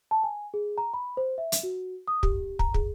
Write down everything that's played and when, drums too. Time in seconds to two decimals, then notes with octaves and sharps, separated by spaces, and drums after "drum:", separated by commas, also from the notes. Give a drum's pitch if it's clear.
0.11 A5
0.23 G#5
0.54 G#4
0.78 A#5
0.94 B5
1.17 C5
1.38 E5
1.52 drum: hi-hat
1.63 F#4
2.08 D#6
2.23 G4, drum: kick
2.59 A#5, drum: kick
2.74 G#4, drum: kick